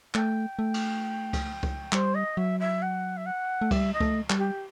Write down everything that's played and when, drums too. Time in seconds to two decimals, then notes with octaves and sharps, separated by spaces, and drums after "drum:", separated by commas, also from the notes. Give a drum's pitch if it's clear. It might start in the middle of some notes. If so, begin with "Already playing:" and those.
0.14 A3 G5, drum: clap
0.59 A3
0.74 drum: cymbal
1.33 drum: kick C#2, cymbal
1.63 drum: kick C#2
1.92 G3 C5, drum: clap
2.14 D#5
2.37 F#3 E5
2.60 E5
2.82 F#5
3.16 E5
3.26 F#5
3.61 A3
3.71 G3 E5, drum: kick C#2, cymbal
3.93 D#5
4.00 A3, drum: kick C#2
4.30 G3, drum: clap
4.37 G4